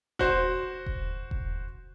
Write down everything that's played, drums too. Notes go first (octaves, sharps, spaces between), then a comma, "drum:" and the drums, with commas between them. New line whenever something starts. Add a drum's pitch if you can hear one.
F#4 C5, drum: kick E1
drum: kick E1
drum: kick E1